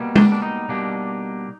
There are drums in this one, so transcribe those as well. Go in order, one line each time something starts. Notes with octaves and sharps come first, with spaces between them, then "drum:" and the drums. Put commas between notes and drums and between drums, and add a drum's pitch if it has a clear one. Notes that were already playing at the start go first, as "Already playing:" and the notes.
Already playing: B2 G3 A#3
D4, drum: tom
D4
D#4
B2 G3 A#3 D4